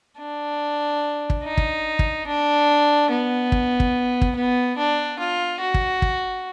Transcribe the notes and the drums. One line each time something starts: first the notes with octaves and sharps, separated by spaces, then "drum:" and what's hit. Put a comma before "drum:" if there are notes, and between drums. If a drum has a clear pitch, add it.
D4
drum: kick
D#4
drum: kick
drum: kick
D4
B3
drum: kick
drum: kick
drum: kick
B3
D4
F4
F#4
drum: kick
drum: kick